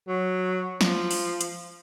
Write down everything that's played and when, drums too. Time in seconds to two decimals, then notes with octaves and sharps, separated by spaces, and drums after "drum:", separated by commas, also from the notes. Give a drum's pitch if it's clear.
0.08 F#3
0.81 F3, drum: snare
1.11 drum: open hi-hat
1.41 drum: hi-hat